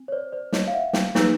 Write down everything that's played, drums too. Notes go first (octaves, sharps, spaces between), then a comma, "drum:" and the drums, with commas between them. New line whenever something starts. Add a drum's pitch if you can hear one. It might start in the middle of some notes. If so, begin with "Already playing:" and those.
Already playing: C4
C#5
C5 D5
C5 D5
C#5 D#5, drum: snare
F5
E5 F#5
F5 G5, drum: snare
F3 A#3 D#4 G#4 B4, drum: snare